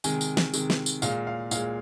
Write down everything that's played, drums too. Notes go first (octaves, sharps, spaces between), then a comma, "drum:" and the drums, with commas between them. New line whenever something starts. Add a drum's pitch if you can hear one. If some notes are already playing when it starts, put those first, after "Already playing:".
C3 D#3 G#3 G#5, drum: tambourine
drum: tambourine
drum: snare
C3 D#3 G#3, drum: tambourine
drum: snare
drum: tambourine
A#2 G#3 F5, drum: tambourine
F5
A#2 G#3 F5, drum: tambourine